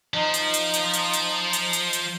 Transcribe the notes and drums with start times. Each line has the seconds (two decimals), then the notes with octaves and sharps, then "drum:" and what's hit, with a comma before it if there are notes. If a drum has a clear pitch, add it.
0.14 F3 D#4
0.34 drum: hi-hat
0.54 drum: hi-hat
0.74 drum: hi-hat
0.93 drum: hi-hat
1.13 drum: hi-hat
1.53 drum: hi-hat
1.73 drum: hi-hat
1.93 drum: hi-hat